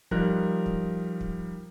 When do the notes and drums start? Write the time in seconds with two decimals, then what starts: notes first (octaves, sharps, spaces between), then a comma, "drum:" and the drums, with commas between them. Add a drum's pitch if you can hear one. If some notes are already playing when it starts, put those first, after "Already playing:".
0.11 F3 G3 D#4 A#4 F#6, drum: kick
0.66 drum: kick
1.20 drum: kick